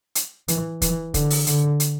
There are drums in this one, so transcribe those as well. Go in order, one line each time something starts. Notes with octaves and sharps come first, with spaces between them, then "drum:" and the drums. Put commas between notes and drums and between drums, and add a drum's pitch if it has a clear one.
drum: hi-hat
E3, drum: hi-hat
E3, drum: kick, hi-hat
D3, drum: kick, hi-hat
drum: open hi-hat
D3, drum: hi-hat
drum: hi-hat